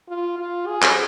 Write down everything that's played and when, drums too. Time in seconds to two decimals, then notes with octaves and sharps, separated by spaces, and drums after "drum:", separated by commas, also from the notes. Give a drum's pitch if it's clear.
0.09 F4
0.38 F4
0.67 G#4
0.82 drum: clap